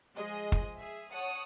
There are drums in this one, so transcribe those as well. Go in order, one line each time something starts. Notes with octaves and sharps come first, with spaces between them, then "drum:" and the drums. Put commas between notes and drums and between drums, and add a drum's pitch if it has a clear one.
F3 G#3 G#4 D#5
drum: kick
G#4 E5
C#5 F#5 A5 D#6